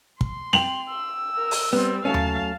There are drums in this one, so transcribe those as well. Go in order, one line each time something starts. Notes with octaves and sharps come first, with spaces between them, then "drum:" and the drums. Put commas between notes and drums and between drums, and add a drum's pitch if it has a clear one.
C6, drum: kick
G5 F7 F#7, drum: snare C4
E6
A#4
drum: open hi-hat
G3 B3 C4
F#3 A3 C#4 F5 A5
drum: tom D#2